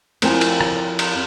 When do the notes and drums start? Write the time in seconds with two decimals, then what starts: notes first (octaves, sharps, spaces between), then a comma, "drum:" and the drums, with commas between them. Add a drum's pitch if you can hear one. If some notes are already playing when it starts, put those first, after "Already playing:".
0.22 F2 C4 E4 A#4 G5 G#5, drum: cymbal
0.41 drum: cymbal
0.61 drum: rim click
0.99 drum: cymbal